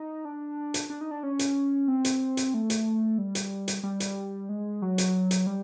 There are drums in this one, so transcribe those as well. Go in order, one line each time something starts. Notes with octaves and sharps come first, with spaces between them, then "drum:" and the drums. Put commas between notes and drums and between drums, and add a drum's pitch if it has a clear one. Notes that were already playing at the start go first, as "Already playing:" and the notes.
Already playing: D#4
D4
drum: hi-hat
D4
D#4
D4
C#4
drum: hi-hat
C4
drum: hi-hat
drum: hi-hat
A3
drum: hi-hat
G3
drum: hi-hat
drum: hi-hat
G3
drum: hi-hat
G#3
F#3
drum: hi-hat
drum: hi-hat
G3